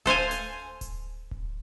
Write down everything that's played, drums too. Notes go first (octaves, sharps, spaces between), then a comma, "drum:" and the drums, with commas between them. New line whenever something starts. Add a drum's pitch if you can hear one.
A4 C5 F5 G#5, drum: kick D1
drum: hi-hat
drum: kick D1, hi-hat
drum: kick D1